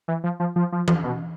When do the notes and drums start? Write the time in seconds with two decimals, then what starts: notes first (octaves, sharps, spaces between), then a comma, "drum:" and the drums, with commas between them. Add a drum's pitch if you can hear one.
0.08 E3
0.24 F3
0.40 F3
0.56 F3
0.72 F3
0.88 F3, drum: tom E3
1.04 B2